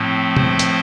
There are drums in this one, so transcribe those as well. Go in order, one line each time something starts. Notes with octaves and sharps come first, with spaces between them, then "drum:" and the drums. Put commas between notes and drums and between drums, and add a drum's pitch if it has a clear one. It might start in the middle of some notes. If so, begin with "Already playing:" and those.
Already playing: A2 F3 A3 C4
C5, drum: tom
drum: hi-hat